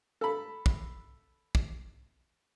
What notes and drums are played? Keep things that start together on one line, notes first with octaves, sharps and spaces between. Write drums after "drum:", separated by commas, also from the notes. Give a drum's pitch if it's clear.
A4 B5
drum: kick
drum: kick